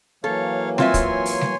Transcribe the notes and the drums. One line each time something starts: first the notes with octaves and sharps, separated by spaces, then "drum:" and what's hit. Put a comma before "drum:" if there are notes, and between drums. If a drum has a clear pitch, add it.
E3 F#3 A#3 A4 C#5 F5
C4 F4 C#5 E5 G#5 C6, drum: snare
drum: kick, hi-hat
drum: open hi-hat
drum: snare